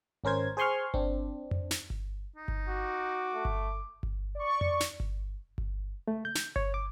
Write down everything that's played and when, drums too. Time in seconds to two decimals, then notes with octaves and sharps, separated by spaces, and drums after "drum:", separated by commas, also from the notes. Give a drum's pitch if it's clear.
0.24 G#1 C#4 A#4 C5 G#6
0.57 G#4 C5 G#5 C6 C#6 F6
0.94 C4 D4, drum: kick G1
1.51 drum: tom F2
1.71 drum: snare
1.90 drum: kick G1
2.36 D#4
2.48 drum: kick G1
2.69 F#4 D6
3.34 A3
3.45 drum: kick G1
4.03 drum: kick G1
4.35 D5 C#6
4.61 drum: tom F2
4.80 drum: snare
5.00 drum: kick G1
5.58 drum: kick G1
6.08 A3
6.25 G6
6.35 drum: snare
6.56 C#5, drum: kick G1
6.74 D6